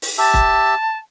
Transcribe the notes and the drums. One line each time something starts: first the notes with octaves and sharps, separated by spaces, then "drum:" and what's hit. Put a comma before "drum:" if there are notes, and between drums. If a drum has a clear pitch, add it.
drum: open hi-hat
G4 E5 A5
drum: kick